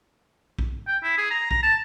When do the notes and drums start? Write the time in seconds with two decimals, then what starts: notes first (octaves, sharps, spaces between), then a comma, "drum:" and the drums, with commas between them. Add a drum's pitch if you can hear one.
0.59 drum: kick
0.88 G5
1.03 E4
1.18 G#4
1.30 A#5
1.51 A#5, drum: kick
1.63 A5